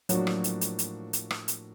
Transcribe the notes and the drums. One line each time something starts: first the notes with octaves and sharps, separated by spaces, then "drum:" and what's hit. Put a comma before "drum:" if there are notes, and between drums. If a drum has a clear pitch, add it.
A2 F3 F#3 A#3 D4 F#4, drum: hi-hat
drum: rim click
drum: hi-hat
drum: hi-hat
drum: hi-hat
drum: hi-hat
drum: rim click
drum: hi-hat